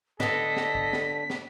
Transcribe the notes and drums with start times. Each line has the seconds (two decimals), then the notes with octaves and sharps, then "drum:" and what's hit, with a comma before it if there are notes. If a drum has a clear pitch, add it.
0.20 D3 B3 A4 D#5 B6, drum: snare
0.57 drum: snare
0.75 drum: kick
0.93 drum: snare
1.30 drum: snare